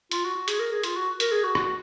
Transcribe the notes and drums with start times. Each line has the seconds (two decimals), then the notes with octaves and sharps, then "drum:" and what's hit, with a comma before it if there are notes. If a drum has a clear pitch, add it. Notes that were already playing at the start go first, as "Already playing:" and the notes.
0.11 F4, drum: hi-hat
0.24 F#4
0.35 F#4
0.48 G#4, drum: hi-hat
0.59 A#4
0.72 G#4
0.83 F4, drum: hi-hat
0.96 F#4
1.20 A#4, drum: hi-hat
1.31 G#4
1.44 F#4
1.55 F#4, drum: rim click